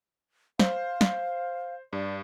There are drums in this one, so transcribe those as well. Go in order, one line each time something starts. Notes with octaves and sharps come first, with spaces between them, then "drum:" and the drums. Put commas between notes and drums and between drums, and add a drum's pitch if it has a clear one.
C5 F5, drum: snare
drum: snare
G2 D5